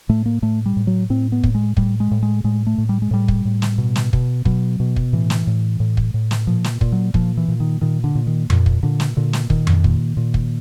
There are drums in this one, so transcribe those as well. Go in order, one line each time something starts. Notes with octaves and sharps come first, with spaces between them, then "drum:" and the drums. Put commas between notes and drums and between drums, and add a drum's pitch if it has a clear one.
A2 A3
A#3
A2 A3
G3
A2
F#3
A2 C4
B3
A2, drum: kick
G#3
A2 G3, drum: kick
G#3
A2
G#3
A2 G#3
A3
A2
G3
G#3
A2 G3
drum: kick
A2
drum: snare
B2
drum: snare
B2, drum: kick
B2 F#3, drum: kick
B2
drum: kick
A2 E3
drum: snare
A2
A2
drum: kick
A2
drum: snare
A#2 F3
drum: snare
A#2, drum: kick
F#3
A#2 F3, drum: kick
E3
A#2
D#3
A#2 D#3
D3
A#2
D#3
A#2, drum: tom F2
drum: kick
A#2 D3
drum: snare
A#2 D3
drum: snare
A#2 D#3, drum: kick
drum: tom F2
A#2, drum: kick
A#2
drum: kick